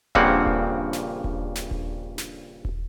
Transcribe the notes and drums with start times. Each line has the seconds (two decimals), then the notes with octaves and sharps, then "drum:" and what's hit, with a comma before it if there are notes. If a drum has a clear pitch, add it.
0.15 A#1 G2 C#3 A#3 C4 F#5, drum: kick D#1
0.46 drum: kick D#1
0.93 drum: snare
1.24 drum: kick D#1
1.55 drum: snare
1.71 drum: kick D#1
2.18 drum: snare
2.65 drum: kick D#1